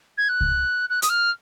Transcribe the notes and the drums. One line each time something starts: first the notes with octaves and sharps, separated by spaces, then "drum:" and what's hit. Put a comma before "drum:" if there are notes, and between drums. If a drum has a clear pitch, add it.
G#6
F#6
drum: kick C2
F#6
D#6, drum: hi-hat
F6